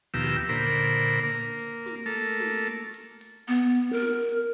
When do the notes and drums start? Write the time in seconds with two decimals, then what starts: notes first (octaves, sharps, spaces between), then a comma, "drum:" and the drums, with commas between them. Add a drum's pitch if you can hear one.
0.14 D#2 B2 F3 G4 A#5 E6
0.24 drum: snare
0.49 A#2 D3 A#4 C5 B5, drum: hi-hat
0.78 drum: hi-hat
1.05 drum: hi-hat
1.23 A#3
1.59 drum: hi-hat
1.86 drum: snare
2.06 A3 A#3 A4
2.40 drum: snare
2.67 drum: hi-hat
2.94 drum: hi-hat
3.21 drum: hi-hat
3.48 B3, drum: hi-hat
3.75 drum: hi-hat
3.93 A#4
4.02 drum: snare
4.29 drum: hi-hat